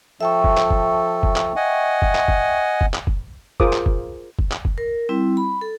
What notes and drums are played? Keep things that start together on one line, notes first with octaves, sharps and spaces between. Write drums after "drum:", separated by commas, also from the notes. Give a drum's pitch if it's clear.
F3 A4 E5 G5 C#6
drum: kick
drum: clap
drum: kick
drum: kick
drum: clap
D#5 F#5 G#5
drum: kick
drum: clap
drum: kick
drum: kick
drum: clap
drum: kick
F4 G#4 A#4 C5 D6 D#6, drum: kick
drum: clap
drum: kick
drum: kick
drum: clap
drum: kick
A#4
G3 C4 E4
B5
A4